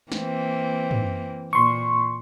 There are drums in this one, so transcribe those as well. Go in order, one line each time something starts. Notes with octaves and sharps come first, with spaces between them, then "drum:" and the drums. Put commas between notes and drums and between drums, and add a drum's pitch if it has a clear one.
E3 A#3 C4, drum: snare
drum: tom
A#2 C6 C#6